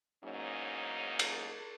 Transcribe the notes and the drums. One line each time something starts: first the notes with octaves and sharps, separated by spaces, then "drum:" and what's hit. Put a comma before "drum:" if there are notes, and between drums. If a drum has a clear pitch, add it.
E2 G#2 F#3 A#3 C#4 D#4
drum: cymbal